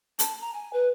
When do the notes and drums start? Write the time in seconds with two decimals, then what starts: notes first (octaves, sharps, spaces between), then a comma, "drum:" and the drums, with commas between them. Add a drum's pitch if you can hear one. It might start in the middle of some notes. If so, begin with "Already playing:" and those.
0.19 A5, drum: hi-hat
0.41 A#5
0.54 G#5
0.73 B4